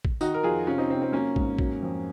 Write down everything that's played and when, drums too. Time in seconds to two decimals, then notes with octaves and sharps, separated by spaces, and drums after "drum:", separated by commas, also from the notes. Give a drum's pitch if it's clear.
0.05 drum: kick
0.21 D#3 D#4 F#4, drum: tambourine
0.34 A#4
0.43 F2 F4 G#4
0.67 C3 C#4 F4
0.78 C4 D#4
0.90 C3 C4
1.02 C4
1.12 F#3 A#3 C#4
1.36 G#2, drum: kick
1.59 F#3, drum: kick
1.83 F2